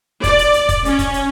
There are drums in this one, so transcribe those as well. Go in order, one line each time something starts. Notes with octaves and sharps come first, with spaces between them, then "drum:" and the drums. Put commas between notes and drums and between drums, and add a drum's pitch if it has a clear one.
D5, drum: kick, hi-hat
drum: hi-hat
drum: hi-hat
drum: kick, hi-hat
C#4, drum: hi-hat
drum: kick, hi-hat
drum: hi-hat